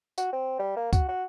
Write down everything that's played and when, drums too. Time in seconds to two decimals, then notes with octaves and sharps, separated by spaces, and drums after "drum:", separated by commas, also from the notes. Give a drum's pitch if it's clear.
0.18 F#4, drum: tambourine
0.33 C4
0.59 G3
0.76 A#3
0.93 F#4, drum: kick, tambourine
1.08 F#4